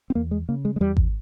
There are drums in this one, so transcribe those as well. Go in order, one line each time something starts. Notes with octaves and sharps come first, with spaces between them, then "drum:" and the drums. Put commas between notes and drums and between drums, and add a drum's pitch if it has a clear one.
C4
E2 A#3
G#3
C#3 A#3
G#3
G#3
E2 G3
drum: kick G#1